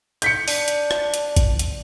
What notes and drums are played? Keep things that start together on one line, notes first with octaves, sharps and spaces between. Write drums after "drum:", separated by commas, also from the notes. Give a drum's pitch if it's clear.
G6 B6 C#7, drum: hi-hat
D4, drum: open hi-hat
drum: hi-hat
drum: rim click
drum: hi-hat
drum: kick A1, hi-hat
drum: hi-hat